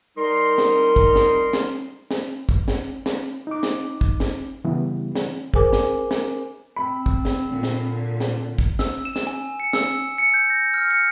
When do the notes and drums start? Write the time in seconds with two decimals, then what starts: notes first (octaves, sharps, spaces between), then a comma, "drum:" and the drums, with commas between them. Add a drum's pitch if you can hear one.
0.16 G3 D#4 A#4 C6
0.58 drum: snare
0.96 drum: kick
1.15 drum: snare
1.53 drum: snare
2.11 drum: snare
2.49 drum: kick
2.68 drum: snare
3.06 drum: snare
3.47 D#4 D6
3.63 drum: snare
4.01 drum: kick
4.20 drum: snare
4.64 C#3 E3 G3 B3
5.15 drum: snare
5.54 G#4 A#4 C5 G#5 D6, drum: kick
5.73 drum: snare
6.11 drum: snare
6.76 C4 B5
7.06 drum: kick
7.25 drum: snare
7.49 A#2 D3
7.63 drum: snare
8.20 drum: snare
8.58 drum: kick
8.79 E6, drum: snare
9.05 E7
9.16 drum: snare
9.27 G#5
9.60 C#7
9.73 E6, drum: snare
10.18 C#7
10.34 G6
10.50 A#6
10.74 F6
10.90 C#7